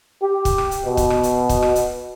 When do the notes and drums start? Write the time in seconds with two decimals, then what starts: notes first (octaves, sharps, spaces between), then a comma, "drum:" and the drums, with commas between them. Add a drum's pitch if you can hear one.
0.23 G4
0.45 drum: kick, hi-hat
0.58 drum: rim click
0.71 drum: hi-hat
0.84 B2
0.97 drum: kick, hi-hat
1.10 drum: rim click
1.23 drum: hi-hat
1.49 drum: kick, hi-hat
1.62 drum: rim click
1.75 drum: hi-hat